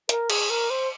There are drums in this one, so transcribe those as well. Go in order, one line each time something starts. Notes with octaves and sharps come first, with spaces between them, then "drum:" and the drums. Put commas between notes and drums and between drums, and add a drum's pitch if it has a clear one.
A#4, drum: hi-hat
G#4, drum: cymbal
A#4
C5